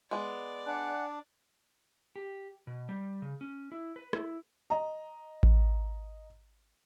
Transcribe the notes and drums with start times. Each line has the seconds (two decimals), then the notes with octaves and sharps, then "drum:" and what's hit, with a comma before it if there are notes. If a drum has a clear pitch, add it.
0.11 G#3 B3 D5
0.66 D4 F#5 G#5 F#6
2.16 G4
2.67 B2
2.89 G3
3.22 C#3
3.41 C#4
3.72 E4
3.96 B4
4.13 E4, drum: rim click
4.70 D#5 A#5
5.43 drum: kick A1